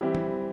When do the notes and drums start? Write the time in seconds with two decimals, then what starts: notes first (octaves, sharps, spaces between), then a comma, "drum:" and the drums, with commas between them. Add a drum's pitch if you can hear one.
0.01 E3 G3 C4 E4 G4
0.15 drum: tom E3